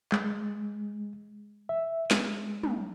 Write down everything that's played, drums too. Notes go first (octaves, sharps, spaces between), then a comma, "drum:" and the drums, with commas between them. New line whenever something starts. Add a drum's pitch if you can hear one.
G#3, drum: clap
E5
G#3, drum: snare
drum: tom